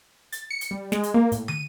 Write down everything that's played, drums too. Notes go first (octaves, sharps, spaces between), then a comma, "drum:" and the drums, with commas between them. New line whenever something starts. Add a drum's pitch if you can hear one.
A6, drum: hi-hat
C#7
drum: hi-hat
G3
G#3, drum: snare
drum: hi-hat
A#3
A2, drum: hi-hat
D#7, drum: tom